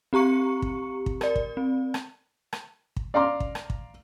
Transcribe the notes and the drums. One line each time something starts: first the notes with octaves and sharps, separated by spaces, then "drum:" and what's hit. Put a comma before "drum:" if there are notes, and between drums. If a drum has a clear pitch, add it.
C4 G4 A#5 C#6 C#7
drum: kick
drum: kick
A#4 D5, drum: rim click
drum: kick
C4
drum: rim click
drum: rim click
drum: kick
D5 F5 A#5 C6 D6
drum: kick
drum: rim click
drum: kick